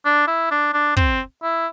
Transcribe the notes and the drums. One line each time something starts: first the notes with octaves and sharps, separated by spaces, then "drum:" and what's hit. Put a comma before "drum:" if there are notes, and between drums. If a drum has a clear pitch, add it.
D4
E4
D4
D4
C4, drum: kick
E4